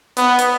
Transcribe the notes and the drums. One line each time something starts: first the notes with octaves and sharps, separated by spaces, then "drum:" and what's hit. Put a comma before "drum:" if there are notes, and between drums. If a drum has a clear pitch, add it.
B3, drum: hi-hat
drum: hi-hat